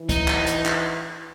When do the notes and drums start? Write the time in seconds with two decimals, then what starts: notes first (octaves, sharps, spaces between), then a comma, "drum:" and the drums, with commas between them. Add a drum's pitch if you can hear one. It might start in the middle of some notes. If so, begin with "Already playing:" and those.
Already playing: E3
0.09 D#4, drum: kick, hi-hat
0.28 drum: clap
0.47 drum: hi-hat
0.65 drum: clap